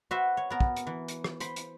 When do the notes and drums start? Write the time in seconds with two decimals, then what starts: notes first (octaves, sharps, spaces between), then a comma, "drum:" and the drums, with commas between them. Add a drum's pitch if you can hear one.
0.11 F#4 B4 C5 E5
0.37 C#5
0.50 B3 A#4 A#5
0.61 drum: kick
0.76 drum: hi-hat
0.87 E3
1.08 drum: hi-hat
1.24 drum: rim click
1.40 C5 B5, drum: hi-hat
1.56 drum: hi-hat